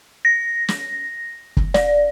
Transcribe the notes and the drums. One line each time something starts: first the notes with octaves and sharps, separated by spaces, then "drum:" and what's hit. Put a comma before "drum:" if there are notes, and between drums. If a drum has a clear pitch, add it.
A#6
drum: snare
drum: kick
D5, drum: snare